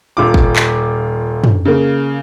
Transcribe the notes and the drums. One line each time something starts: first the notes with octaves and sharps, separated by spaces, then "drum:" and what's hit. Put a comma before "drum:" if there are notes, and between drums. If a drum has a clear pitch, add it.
D#1 F4 D6
drum: kick
drum: clap
drum: tom
C#3 A#3